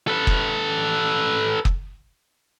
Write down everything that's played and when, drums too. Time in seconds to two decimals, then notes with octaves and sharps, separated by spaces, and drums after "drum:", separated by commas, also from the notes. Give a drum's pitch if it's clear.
0.07 A4 B4
0.27 drum: kick
1.65 drum: kick